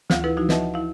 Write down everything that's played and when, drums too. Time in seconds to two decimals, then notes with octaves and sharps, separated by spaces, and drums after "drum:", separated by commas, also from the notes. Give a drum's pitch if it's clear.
0.10 D2 E3 F4 F5 F#5, drum: snare
0.24 E4 A4 B4
0.37 F3 D#4 E4 F#4
0.49 B4 D#5 E5 F#5 A5, drum: snare
0.74 E4 F5